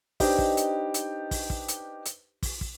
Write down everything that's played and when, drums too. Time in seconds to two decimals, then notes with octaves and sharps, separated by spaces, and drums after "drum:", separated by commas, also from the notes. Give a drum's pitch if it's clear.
0.20 D4 D#4 G4 B4 C5 D#5, drum: kick, open hi-hat
0.38 drum: kick
0.57 drum: hi-hat
0.94 drum: hi-hat
1.31 drum: kick, open hi-hat
1.50 drum: kick
1.68 drum: hi-hat
2.05 drum: hi-hat
2.43 drum: kick, open hi-hat
2.61 drum: kick